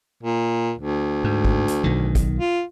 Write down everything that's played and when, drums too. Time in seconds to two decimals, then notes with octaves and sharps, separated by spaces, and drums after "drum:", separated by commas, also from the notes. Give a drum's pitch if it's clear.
0.23 A#2
0.78 D2
1.24 G#2
1.45 drum: kick G#1
1.68 drum: hi-hat
1.84 B1 D#3
2.15 drum: kick G#1, hi-hat
2.39 F4